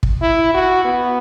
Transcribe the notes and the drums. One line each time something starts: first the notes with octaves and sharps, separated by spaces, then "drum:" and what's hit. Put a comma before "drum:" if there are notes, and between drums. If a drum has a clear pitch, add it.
drum: kick
E4
F#4
B3